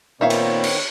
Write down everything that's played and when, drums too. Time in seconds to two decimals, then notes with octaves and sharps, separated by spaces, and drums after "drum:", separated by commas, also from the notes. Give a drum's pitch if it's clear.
0.21 A#2 D#3 B3 C4 D#4 C#5 E5 F5
0.30 drum: cymbal
0.64 drum: cymbal